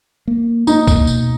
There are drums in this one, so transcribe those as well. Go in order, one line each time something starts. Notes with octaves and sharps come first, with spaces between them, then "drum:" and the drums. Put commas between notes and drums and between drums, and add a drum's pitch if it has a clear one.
A#3
A#3 D#4, drum: tambourine
drum: kick, tambourine
B2, drum: tambourine